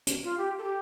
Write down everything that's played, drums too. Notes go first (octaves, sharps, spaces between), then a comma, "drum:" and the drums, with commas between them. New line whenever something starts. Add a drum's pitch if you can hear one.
drum: hi-hat
F4
G4
A4
G4